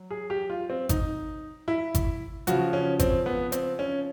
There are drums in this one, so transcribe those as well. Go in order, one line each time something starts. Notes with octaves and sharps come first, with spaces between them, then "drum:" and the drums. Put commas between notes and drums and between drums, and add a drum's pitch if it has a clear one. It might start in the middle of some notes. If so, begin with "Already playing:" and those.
Already playing: F#3
G#4
G4
F4
C4
D#4, drum: kick G#1, hi-hat
E4
drum: kick G#1, hi-hat
C#3 F3 F#4, drum: hi-hat
C#4
C4, drum: kick G#1, hi-hat
B3
C4, drum: hi-hat
C#4